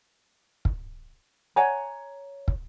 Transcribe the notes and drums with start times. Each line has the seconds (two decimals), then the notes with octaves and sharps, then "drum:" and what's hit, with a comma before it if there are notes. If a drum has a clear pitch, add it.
0.65 drum: kick
1.56 C#5 F#5 G#5 A#5
2.48 drum: kick